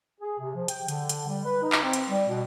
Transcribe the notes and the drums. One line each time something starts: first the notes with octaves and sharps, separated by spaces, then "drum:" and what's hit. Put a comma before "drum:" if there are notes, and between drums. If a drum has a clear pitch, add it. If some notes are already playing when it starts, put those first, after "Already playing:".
G#4
C3
F3
G5, drum: hi-hat
D3, drum: hi-hat
drum: hi-hat
G3
B4
D#4
drum: clap
C4
drum: hi-hat
G3
B2